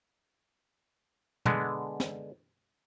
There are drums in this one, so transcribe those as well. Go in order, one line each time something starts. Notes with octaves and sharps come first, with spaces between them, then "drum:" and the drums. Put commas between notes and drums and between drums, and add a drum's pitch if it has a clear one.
D3 G#3 B3, drum: tom
drum: snare